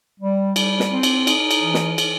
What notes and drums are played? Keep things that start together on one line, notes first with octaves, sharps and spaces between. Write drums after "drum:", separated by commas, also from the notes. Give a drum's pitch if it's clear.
G3
G3, drum: cymbal
drum: snare
C4
drum: cymbal
D#4, drum: cymbal
drum: cymbal
E3
drum: snare
E3, drum: cymbal